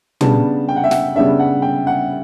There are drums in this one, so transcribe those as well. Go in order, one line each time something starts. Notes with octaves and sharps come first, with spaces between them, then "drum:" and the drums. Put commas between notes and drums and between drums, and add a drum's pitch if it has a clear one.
C#3 G3 B3 D4 A5, drum: tom
G5
F#5
E5
F#5, drum: snare
C#3 G3 B3 D4 E5
F#5
G5
F#5